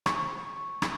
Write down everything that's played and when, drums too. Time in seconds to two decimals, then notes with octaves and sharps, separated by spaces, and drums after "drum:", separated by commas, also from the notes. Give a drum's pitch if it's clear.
0.06 C#6, drum: rim click
0.82 drum: rim click